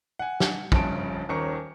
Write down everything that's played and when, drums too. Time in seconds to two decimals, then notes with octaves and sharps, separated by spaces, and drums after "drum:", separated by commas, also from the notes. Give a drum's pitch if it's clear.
0.19 F#5 G#5
0.40 drum: snare
0.72 F1 A#1 G2 C#3 A5 D7, drum: kick
1.29 D#1 D#3 C#4 A#5 C#6 C#7